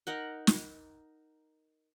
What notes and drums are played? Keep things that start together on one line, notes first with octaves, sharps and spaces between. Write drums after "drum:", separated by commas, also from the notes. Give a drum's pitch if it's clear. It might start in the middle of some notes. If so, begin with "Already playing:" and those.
D#4 A#4 F#5
drum: snare